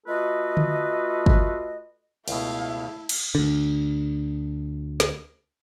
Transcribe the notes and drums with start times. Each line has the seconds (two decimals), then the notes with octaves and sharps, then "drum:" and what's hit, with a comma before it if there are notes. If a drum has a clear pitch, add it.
0.07 A3 F4 F#4 A4 B4 D#5
0.57 drum: tom D3
1.26 drum: kick
2.28 C#2 B2 A3 E4 F5, drum: cymbal
3.09 drum: cymbal
3.35 D2 D3
5.00 drum: snare